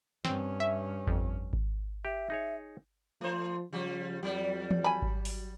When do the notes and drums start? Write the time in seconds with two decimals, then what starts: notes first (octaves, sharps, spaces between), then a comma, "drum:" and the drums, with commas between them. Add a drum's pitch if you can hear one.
0.25 G2 C4 C#4, drum: snare
0.60 E5
1.07 F2, drum: kick G#1
1.53 drum: kick G#1
2.05 G4 E5
2.30 D#4 G#4 C#5
3.21 F3 A3 C5
3.73 C#3 F3 G3
4.23 F2 F#3 G3
4.71 drum: tom E3
4.84 G#5 B5
5.02 drum: kick G#1
5.25 drum: open hi-hat